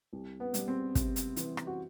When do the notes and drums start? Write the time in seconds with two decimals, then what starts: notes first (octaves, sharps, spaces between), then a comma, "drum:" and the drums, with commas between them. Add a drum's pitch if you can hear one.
0.13 C2
0.40 B3
0.54 G3, drum: hi-hat
0.68 C4
0.95 C3, drum: kick, hi-hat
1.16 drum: hi-hat
1.36 E3, drum: hi-hat
1.57 drum: rim click
1.67 F#4